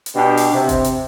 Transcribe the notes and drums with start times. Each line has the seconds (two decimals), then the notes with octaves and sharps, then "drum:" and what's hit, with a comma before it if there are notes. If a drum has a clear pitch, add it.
0.06 drum: hi-hat
0.15 B2 D4 G4
0.37 drum: open hi-hat
0.53 C3
0.69 drum: kick F#1, hi-hat
0.84 drum: hi-hat